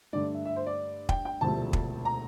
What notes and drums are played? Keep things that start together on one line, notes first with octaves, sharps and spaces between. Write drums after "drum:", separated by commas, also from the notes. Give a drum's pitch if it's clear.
G2 D3 A3 D5
E5
E5
C5
D5
G5, drum: kick
G5
E1 D2 C3 F3 A3 A5
drum: kick
A#5